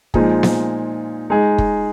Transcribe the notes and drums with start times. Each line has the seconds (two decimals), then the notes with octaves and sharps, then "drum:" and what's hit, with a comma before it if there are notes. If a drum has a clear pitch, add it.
0.14 A#2 F3 G#3 D#4 G#4, drum: kick
0.43 drum: snare B3
1.30 G#3 D#4 G#4
1.58 drum: kick